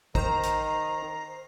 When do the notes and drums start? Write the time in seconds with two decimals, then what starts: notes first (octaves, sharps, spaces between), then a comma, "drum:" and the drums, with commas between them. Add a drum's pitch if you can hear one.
0.15 D#3 D#4 C5 A#5, drum: kick
0.43 drum: hi-hat